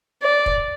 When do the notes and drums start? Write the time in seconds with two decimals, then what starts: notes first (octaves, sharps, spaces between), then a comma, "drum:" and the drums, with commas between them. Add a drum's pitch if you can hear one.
0.23 D5
0.46 drum: kick